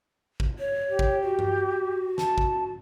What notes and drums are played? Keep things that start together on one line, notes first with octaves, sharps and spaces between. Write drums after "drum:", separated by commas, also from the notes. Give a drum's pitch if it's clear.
drum: kick
C#5
G4
drum: kick
F#4
drum: tom G2
A5, drum: snare
drum: kick